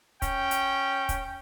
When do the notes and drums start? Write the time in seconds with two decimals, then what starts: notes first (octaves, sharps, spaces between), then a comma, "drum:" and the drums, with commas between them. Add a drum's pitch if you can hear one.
0.22 C#4 G5, drum: kick, hi-hat
0.51 drum: hi-hat
1.09 drum: kick, hi-hat